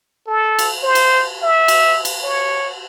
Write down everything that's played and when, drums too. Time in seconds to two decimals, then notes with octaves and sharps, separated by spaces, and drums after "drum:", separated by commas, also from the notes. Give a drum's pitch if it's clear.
0.27 A4
0.59 drum: cymbal
0.83 C5
0.95 drum: cymbal
1.43 E5
1.68 drum: cymbal
2.05 drum: cymbal
2.23 C#5